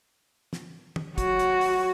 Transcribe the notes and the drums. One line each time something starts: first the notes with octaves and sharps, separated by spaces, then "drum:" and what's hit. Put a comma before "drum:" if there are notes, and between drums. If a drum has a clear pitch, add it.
drum: snare
drum: tom
F#3 F#4, drum: kick, hi-hat
drum: hi-hat
drum: open hi-hat